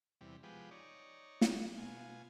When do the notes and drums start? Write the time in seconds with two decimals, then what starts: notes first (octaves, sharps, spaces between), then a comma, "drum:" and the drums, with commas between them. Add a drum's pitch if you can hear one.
0.21 E2 C3 G3
0.43 F3 G#3 B3 G4
0.71 D#4 C#5 D5
1.41 drum: snare
1.77 B2 F4 G#5